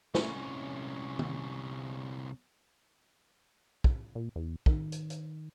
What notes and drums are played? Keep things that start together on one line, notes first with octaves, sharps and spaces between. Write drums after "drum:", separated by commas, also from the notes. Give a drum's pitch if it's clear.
C2 C#4, drum: snare
drum: tom
drum: kick
A#2
E2
D#3, drum: kick
drum: hi-hat
drum: hi-hat